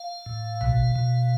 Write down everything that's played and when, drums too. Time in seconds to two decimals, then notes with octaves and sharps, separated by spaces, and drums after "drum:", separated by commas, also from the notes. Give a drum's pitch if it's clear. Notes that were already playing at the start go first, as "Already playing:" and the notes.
Already playing: F5
0.26 A2
0.61 B2, drum: tom A1
0.96 B2